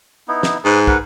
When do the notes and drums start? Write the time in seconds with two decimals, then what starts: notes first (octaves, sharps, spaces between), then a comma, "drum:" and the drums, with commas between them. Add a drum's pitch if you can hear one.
0.28 B3 D#4 E4
0.43 drum: snare
0.65 G#2 B4 D#6
0.87 A#4 B4 F#5, drum: kick